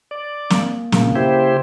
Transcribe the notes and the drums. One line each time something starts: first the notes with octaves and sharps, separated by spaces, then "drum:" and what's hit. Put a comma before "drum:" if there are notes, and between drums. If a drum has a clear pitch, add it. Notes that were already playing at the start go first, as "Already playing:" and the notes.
D5
A#3, drum: snare
A#2 C#3 A#3, drum: snare
E4 G4 C5